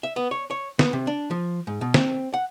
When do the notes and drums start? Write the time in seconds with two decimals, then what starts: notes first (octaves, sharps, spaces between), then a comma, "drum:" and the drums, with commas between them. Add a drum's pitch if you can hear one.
0.03 E5
0.16 B3
0.31 C#5
0.51 C#5
0.79 B3, drum: snare
0.93 C3
1.07 D4
1.31 F3
1.67 G#2
1.81 B2
1.94 C4, drum: snare
2.34 F#5